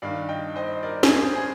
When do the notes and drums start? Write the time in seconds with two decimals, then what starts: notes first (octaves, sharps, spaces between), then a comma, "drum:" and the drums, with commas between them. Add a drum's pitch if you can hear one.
0.02 G2 D#3 D5 F5
0.29 D#5 G5
0.56 C5 D#5
0.83 A#4 D5
1.03 G#4, drum: snare
1.22 G#4 C5
1.35 G#4